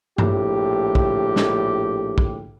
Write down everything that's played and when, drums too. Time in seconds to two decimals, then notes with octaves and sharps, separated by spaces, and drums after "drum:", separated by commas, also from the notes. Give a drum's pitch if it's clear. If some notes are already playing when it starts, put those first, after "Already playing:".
0.18 A#1 A2 G4, drum: tom G2
0.95 drum: kick
1.36 drum: snare
2.18 drum: kick